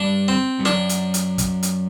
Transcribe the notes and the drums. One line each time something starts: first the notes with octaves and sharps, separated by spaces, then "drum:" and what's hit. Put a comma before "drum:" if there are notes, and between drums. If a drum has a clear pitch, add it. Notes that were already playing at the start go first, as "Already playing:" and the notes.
Already playing: G2 D4
C4
G2
F#2 D4, drum: snare
drum: hi-hat
drum: hi-hat
drum: kick, hi-hat
drum: hi-hat